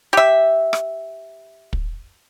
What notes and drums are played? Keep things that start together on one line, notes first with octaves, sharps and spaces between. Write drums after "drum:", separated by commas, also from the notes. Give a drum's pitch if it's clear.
G4 E5
drum: rim click
drum: kick